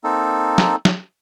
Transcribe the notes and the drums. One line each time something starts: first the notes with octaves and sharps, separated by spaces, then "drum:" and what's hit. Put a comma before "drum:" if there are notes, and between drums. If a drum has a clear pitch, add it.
A#3 C4 D#4 A4
drum: snare
drum: snare